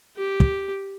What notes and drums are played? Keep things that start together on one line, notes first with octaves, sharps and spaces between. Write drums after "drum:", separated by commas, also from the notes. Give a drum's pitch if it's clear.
G4
drum: kick